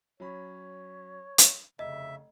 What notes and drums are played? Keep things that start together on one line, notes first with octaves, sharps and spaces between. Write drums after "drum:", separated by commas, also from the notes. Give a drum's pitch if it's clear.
F#3 C#4 C#5 B5
drum: hi-hat
F1 C#3 D#5 E5